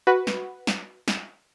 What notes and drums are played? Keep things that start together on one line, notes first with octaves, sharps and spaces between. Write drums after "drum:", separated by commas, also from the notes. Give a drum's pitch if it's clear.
F#4 B4
drum: snare
drum: snare
drum: snare